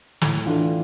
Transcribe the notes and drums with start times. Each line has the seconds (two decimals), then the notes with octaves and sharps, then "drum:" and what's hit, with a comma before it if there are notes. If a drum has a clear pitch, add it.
0.22 A2, drum: snare
0.46 E3 A3 D4 F4